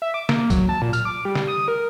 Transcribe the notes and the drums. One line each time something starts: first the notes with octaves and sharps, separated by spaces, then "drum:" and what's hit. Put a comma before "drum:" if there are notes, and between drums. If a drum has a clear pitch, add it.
E5
D6
A#3, drum: snare
F#3, drum: kick, tambourine
A5
A#2
F6, drum: tambourine
D6
G3
drum: snare
D#6
A#4